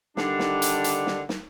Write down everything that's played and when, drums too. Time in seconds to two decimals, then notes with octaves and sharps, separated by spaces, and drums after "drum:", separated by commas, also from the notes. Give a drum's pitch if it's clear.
0.17 D3 D#3 G3 D4, drum: snare
0.39 drum: snare
0.62 drum: hi-hat
0.84 drum: hi-hat
1.07 drum: snare
1.29 drum: snare